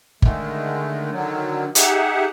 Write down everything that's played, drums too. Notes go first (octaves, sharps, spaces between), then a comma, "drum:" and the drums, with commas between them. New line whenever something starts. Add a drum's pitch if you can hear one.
D3 D#3 G#3 A3, drum: kick G1
D3 D#3 F#3
D#4 G4 G#4 E5 F#5, drum: hi-hat